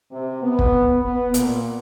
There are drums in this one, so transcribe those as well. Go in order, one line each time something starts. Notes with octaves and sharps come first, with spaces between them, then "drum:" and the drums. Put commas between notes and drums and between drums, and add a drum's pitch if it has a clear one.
C3
B3
drum: kick
B3
A#2, drum: hi-hat